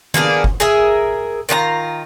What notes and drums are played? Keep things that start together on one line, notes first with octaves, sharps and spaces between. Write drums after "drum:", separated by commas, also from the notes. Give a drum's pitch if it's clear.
A#3 B3 D4 G#4, drum: tom D#3
drum: kick
G#4 A#4 E5
D#3 F4 F#4 A#5